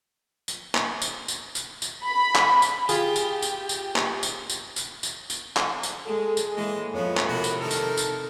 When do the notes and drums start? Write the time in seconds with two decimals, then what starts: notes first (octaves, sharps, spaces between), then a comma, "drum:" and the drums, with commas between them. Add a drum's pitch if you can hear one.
0.48 drum: tambourine
0.75 drum: clap
1.02 drum: tambourine
1.28 drum: tambourine
1.55 drum: tambourine
1.82 drum: tambourine
2.05 B5
2.35 drum: clap
2.62 drum: tambourine
2.89 F4 G4 G#4, drum: tambourine
3.16 drum: tambourine
3.42 drum: tambourine
3.69 drum: tambourine
3.96 drum: clap
4.23 drum: tambourine
4.50 drum: tambourine
4.76 drum: tambourine
5.03 drum: tambourine
5.30 drum: tambourine
5.57 drum: clap
5.83 drum: tambourine
6.06 G#3 G#4 A4
6.37 drum: tambourine
6.56 A2 E3 G#3 A#3 D#5
6.94 F2 F3 B3 C#5
7.17 drum: clap
7.28 C3 F#4 A#4 B5
7.44 drum: tambourine
7.61 D#3 A4 A#4 F6
7.71 drum: tambourine
7.97 drum: tambourine